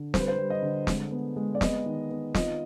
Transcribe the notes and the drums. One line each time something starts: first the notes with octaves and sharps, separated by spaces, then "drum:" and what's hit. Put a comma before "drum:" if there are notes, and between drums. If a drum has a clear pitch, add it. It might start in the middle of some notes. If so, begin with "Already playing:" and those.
Already playing: D3
G3 C5, drum: snare
B4
C5
G3
D#5
D3
G#3, drum: snare
B3
G#3
D5
B3 D#5, drum: snare
D#3
B3
F4 D#5, drum: snare